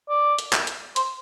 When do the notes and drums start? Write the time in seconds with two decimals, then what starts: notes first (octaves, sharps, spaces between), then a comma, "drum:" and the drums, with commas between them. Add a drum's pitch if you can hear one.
0.09 D5
0.39 drum: hi-hat
0.53 drum: clap
0.67 drum: hi-hat
0.96 C5, drum: hi-hat